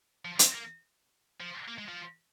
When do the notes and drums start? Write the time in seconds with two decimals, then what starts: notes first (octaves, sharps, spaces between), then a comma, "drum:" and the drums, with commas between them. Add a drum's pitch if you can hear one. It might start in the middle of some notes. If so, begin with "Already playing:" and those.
0.25 F3
0.39 C4, drum: hi-hat
0.54 A#3
1.40 F3
1.68 A#3
1.78 G#3
1.88 F3